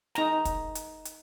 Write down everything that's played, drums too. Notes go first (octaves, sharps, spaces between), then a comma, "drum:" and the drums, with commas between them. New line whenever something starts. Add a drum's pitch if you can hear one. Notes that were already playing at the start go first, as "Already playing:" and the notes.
D#4 A#5, drum: snare
drum: kick, hi-hat
drum: hi-hat
drum: hi-hat